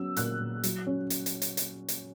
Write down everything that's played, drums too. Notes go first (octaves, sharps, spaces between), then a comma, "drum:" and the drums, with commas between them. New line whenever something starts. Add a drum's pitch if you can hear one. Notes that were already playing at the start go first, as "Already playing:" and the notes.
Already playing: F#3 B3 C#4 E6
A#2 F#6, drum: hi-hat
A#2
F#3, drum: hi-hat
C#4
drum: hi-hat
drum: hi-hat
drum: hi-hat
drum: hi-hat
drum: hi-hat